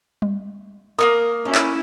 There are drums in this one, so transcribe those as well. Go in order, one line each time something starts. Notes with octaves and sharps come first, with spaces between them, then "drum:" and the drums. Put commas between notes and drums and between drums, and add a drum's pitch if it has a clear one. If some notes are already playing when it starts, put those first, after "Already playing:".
drum: tom G3
A#3 B3 A#4 D#6
C#4 D#4 E4
drum: clap